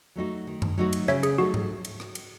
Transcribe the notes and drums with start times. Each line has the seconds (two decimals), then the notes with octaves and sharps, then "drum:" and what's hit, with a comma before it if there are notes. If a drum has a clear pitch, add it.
0.16 F#3 A3 D#4 F#4
0.47 D#3
0.62 drum: tom F#2
0.78 F#3 A3 D#4 F#4
0.93 drum: cymbal
1.08 C#3 C#5 E5, drum: rim click
1.23 G#4, drum: cymbal
1.38 F#3 A3 D#4 F#4 A4
1.54 drum: tom G#2
1.85 drum: cymbal
2.00 drum: rim click
2.15 drum: cymbal